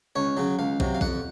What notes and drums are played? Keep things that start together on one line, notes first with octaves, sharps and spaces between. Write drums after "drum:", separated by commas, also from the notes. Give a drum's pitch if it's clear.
C#2 C#5
C#3 F#3
C#2 F5
C3 F#3, drum: kick
F5
F2 F#5, drum: kick